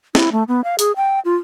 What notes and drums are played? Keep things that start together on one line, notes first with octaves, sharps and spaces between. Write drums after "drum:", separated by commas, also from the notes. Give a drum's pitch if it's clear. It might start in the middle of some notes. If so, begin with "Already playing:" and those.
E4, drum: snare
A3
B3
F5
G#4, drum: hi-hat
G5
F4